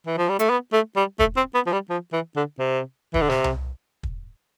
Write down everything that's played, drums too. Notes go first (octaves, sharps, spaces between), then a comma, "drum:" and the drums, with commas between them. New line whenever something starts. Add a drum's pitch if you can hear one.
E3
F3
G3
A3, drum: hi-hat
B3
A3
G3
A3, drum: kick
C4
B3
F3
G3
F3
E3
D3
C3
E3, drum: kick
D3
C3, drum: snare
drum: tom C2
drum: kick